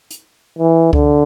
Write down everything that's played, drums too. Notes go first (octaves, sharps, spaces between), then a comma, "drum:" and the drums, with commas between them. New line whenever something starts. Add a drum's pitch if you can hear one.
drum: hi-hat
E3
D3, drum: kick C#2